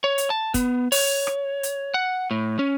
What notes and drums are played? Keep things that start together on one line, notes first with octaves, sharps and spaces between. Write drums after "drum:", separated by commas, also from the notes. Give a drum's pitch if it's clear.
C#5
drum: hi-hat
A5
B3, drum: kick, hi-hat
C#5, drum: open hi-hat
drum: rim click
drum: hi-hat
F#5
A2
C#4